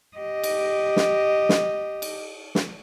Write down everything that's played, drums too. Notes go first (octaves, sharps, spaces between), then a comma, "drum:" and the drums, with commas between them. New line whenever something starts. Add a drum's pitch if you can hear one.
G4 D#5
drum: cymbal
drum: snare
drum: snare
drum: cymbal
drum: snare